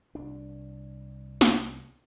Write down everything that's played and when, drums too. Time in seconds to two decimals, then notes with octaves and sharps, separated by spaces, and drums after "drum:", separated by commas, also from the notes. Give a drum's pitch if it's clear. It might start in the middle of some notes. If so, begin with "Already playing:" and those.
0.15 C2 D4
1.41 drum: snare